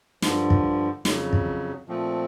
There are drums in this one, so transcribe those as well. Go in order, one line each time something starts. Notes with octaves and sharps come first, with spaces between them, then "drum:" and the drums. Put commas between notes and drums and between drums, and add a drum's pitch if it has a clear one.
G2 D3 F3, drum: snare
drum: kick
F2 C#3 F#3, drum: snare
drum: kick
A#2 F3 A3 C4